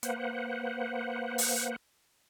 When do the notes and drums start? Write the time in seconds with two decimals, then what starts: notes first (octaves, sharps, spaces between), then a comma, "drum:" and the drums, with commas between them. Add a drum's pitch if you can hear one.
0.03 A#3 B4 C5 F#5, drum: hi-hat
1.38 drum: open hi-hat